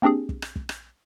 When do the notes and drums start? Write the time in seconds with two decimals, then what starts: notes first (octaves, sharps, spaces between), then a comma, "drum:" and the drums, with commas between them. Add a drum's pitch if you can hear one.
0.02 A#3 C4 D4 G4 G#4
0.29 drum: kick
0.42 drum: rim click
0.56 drum: kick
0.69 drum: rim click